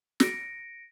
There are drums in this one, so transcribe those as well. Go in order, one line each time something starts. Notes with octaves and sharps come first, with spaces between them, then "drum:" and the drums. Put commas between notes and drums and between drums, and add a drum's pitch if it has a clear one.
A#6 C#7 D7, drum: snare